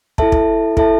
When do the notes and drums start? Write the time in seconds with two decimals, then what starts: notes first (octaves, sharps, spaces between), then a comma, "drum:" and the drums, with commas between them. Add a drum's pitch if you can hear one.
0.18 E4 A4 E5 A5, drum: kick
0.32 drum: kick
0.77 E4 A4 E5 A5, drum: kick